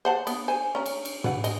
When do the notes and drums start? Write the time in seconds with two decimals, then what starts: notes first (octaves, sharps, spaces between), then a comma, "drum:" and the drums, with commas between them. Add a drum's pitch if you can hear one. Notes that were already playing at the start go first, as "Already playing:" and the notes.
0.05 C5 F#5 A5
0.27 B3, drum: cymbal
0.48 C5 G#5
0.75 C#4 A#5
0.86 drum: cymbal
1.05 drum: cymbal
1.24 B4 F#5, drum: tom
1.44 D#5, drum: cymbal